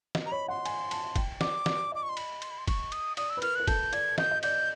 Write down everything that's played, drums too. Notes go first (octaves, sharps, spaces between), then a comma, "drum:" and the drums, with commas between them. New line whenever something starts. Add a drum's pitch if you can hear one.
D#5, drum: snare
A#5
C#5 B5
F#5 C6
G#5, drum: cymbal
A5, drum: cymbal
G5, drum: kick, cymbal
D5 D6, drum: snare
D5, drum: snare
D#5 D6
C#6
C6
B5, drum: cymbal
C6, drum: cymbal
B5
C6
C#6, drum: kick, cymbal
D#6, drum: cymbal
D5 D#6, drum: cymbal
E6
B4
A#4 F6, drum: cymbal
A#4 F#6
A4 G6, drum: kick, cymbal
D5 G#6, drum: cymbal
D#5 G6, drum: snare
D#5
D5 G6, drum: cymbal